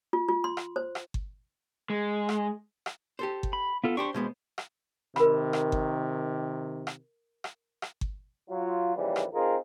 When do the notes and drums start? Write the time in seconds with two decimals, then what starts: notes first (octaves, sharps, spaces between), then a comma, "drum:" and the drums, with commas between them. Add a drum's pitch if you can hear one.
0.13 F4
0.28 F4
0.44 C6
0.57 drum: rim click
0.76 C5
0.95 drum: rim click
1.14 drum: kick G1
1.90 G#3
2.29 drum: rim click
2.86 drum: rim click
3.19 G4 A4 C5
3.43 drum: kick G1
3.53 B5
3.84 B3 F4 A4
3.97 D4 G4 C5 C#6
4.14 B2 G#3 B3 C5
4.58 drum: rim click
5.16 C3 D#3 A#4 B5, drum: rim click
5.53 drum: rim click
5.72 drum: kick G1
6.87 drum: rim click
7.44 drum: rim click
7.82 drum: rim click
8.01 drum: kick G1
8.50 F#3 F4
8.97 A#1 D#2 C#3 E3 G3
9.16 drum: rim click
9.34 C4 D#4 F4 G#4 A#4